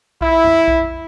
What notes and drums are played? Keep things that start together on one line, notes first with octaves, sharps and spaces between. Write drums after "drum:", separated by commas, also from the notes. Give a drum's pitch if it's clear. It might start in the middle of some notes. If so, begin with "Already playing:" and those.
E4, drum: kick B1
drum: tom F2
drum: kick B1